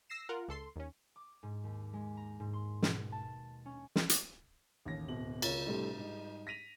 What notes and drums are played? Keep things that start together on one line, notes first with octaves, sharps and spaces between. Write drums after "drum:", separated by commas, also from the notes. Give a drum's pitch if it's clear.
E6 A#6 C7 E7
F4 A#4 F#5
C#2 A4 C6
D#2 C#4
D6
G#2
D#2
G#3
A#5
G#2
C6
B2, drum: snare
A5
C#4
drum: snare
drum: hi-hat
A1 D#2 A#6
D1 B2 F#7
C#2 F4 A#4 C#5 A6 G7, drum: cymbal
A2 C3 G3 A3 C4 D4
G#2 G3 D#4
A#6 B6 D#7 F7